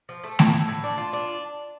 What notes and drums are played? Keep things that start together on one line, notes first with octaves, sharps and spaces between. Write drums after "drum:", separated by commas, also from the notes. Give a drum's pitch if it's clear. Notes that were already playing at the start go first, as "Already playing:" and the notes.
F3
A3
A2, drum: snare A3
A2
A2
D4
F4
D4